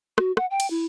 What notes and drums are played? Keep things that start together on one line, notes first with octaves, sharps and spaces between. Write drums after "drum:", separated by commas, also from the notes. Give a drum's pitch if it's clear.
F#4, drum: rim click
F#5, drum: rim click
G5
drum: cymbal
E4